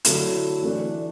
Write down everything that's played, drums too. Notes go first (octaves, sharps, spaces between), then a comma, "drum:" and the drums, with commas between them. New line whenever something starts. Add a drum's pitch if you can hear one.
D3 F#3 A3 E4, drum: hi-hat
E3 A3 D4